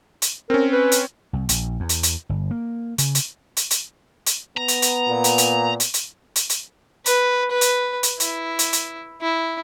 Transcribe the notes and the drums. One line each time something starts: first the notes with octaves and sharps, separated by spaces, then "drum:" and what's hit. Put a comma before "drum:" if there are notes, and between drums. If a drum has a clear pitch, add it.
drum: hi-hat
C4 C#4 A#4
B4
drum: hi-hat
C2
A#1, drum: hi-hat
E2
drum: hi-hat
drum: hi-hat
G1
A#3
C#3, drum: hi-hat
drum: hi-hat
drum: hi-hat
drum: hi-hat
drum: hi-hat
B3 A#5
drum: hi-hat
drum: hi-hat
A#2
drum: hi-hat
drum: hi-hat
drum: hi-hat
drum: hi-hat
drum: hi-hat
drum: hi-hat
B4, drum: hi-hat
B4
drum: hi-hat
drum: hi-hat
E4, drum: hi-hat
drum: hi-hat
drum: hi-hat
E4